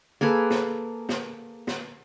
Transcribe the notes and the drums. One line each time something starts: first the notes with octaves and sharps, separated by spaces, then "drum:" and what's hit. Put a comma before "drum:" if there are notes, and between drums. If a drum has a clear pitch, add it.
A#3 G#4 A4 B4
drum: snare
drum: snare
drum: snare